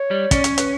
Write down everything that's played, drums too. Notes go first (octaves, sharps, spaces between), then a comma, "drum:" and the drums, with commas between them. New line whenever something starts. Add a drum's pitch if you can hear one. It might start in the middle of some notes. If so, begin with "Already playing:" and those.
Already playing: C#5
G3
C#4 D5, drum: kick, hi-hat
C#5, drum: hi-hat
B4, drum: hi-hat